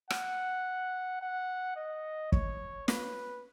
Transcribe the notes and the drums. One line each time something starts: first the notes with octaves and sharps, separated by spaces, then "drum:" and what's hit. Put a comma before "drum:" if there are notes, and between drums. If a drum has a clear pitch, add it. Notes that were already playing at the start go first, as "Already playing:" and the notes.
F#5, drum: rim click
F#5
D#5
C#5, drum: kick
B4, drum: snare